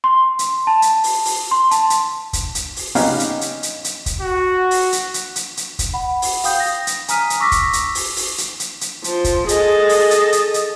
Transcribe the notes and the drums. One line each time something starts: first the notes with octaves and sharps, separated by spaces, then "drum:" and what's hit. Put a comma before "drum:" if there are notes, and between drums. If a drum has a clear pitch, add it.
C6
drum: hi-hat
A5
drum: hi-hat
drum: open hi-hat
drum: open hi-hat
C6
A5, drum: hi-hat
drum: hi-hat
drum: kick, hi-hat
drum: hi-hat
drum: open hi-hat
B3 C#4 D#4 G4 F5 A#5, drum: open hi-hat
drum: hi-hat
drum: hi-hat
drum: hi-hat
drum: hi-hat
drum: kick, hi-hat
F#4
drum: open hi-hat
drum: hi-hat
drum: hi-hat
drum: hi-hat
drum: hi-hat
drum: kick, hi-hat
F#5 B5
drum: open hi-hat
F5 G5 D#6 G6, drum: open hi-hat
A#6
drum: hi-hat
G#5 A#5 D#6 F6 B6 D#7, drum: hi-hat
drum: hi-hat
C#6 D6 E6 A#6 B6
drum: kick, hi-hat
drum: hi-hat
drum: open hi-hat
drum: open hi-hat
drum: hi-hat
drum: hi-hat
drum: hi-hat
F3, drum: hi-hat
drum: kick, hi-hat
G#4 A4 D#5, drum: hi-hat
drum: open hi-hat
drum: hi-hat
drum: hi-hat
drum: hi-hat